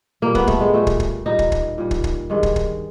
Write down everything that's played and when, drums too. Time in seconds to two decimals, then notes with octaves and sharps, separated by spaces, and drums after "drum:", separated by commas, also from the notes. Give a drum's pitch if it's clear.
0.22 A#2 G3 A#3
0.35 B3, drum: kick
0.47 A3, drum: kick
0.60 G#3
0.74 A#2 G3 A3
0.87 drum: kick
1.00 drum: kick
1.26 A#2 G3 D#4
1.39 drum: kick
1.52 drum: kick
1.78 A#2 G3
1.91 drum: kick
2.04 drum: kick
2.30 G2 D#3 G#3
2.43 drum: kick
2.56 drum: kick